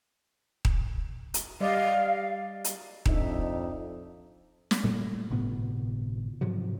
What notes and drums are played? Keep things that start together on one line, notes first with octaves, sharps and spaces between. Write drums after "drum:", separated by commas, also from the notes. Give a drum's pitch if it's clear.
drum: kick D#1
drum: hi-hat
G3 D5 D#5 F5
drum: hi-hat
F2 D4 D#4 E5, drum: kick D#1
drum: snare
A#2 G3 A3
G1 A2 C3 B3
G#2 C3 F3 F#3